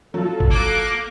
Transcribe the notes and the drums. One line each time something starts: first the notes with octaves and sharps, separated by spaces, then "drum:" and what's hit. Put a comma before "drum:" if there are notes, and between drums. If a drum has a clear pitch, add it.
F#3 F4 A4
drum: kick G1
A#3 D6 F#6